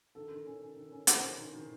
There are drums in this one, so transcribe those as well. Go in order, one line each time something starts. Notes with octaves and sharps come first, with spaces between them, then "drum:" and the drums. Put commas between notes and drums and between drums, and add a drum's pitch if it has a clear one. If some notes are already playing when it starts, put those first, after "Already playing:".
D#3 A4
D#3
C#4
C#4
D#3
C#4
D#3 C5, drum: hi-hat
C#4
D#3
D#3